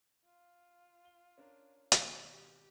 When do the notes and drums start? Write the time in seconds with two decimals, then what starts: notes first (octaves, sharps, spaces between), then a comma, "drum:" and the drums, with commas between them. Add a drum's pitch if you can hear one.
0.25 F4
1.05 G7
1.38 C#4 D4 A#4
1.92 G#1 B2, drum: hi-hat
2.30 G4